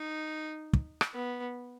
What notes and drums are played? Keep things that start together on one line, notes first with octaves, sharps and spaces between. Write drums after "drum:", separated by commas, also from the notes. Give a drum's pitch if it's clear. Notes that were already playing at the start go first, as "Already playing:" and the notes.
Already playing: D#4
drum: kick
drum: rim click
B3